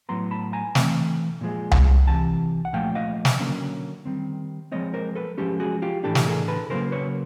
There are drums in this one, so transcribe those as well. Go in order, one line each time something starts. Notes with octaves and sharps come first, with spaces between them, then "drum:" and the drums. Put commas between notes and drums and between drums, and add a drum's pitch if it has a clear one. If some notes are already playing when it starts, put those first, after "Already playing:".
A2 F#3 B3 A#5 C6
A5 B5
G#5 A#5
E3 A3 C4, drum: snare
A#2 F3 G#3
drum: tom C2
C3 E3 A5
F#5
A#2 F3 A3 F5 G5
D#5 F5
drum: snare
D3 F#3 A#3 C#4
D#3 G3 C4
F3 G#3 C4 C#5 D#5
A#4 C5
A4 B4
F3 G#3 C#4 G4 A4
F#4 G#4
F4 G4
A2 E3 A3 D4 G4 A4
drum: snare
G#4 A#4
A4 B4
C#3 F#3 A#3 A#4 C5
B4 C#5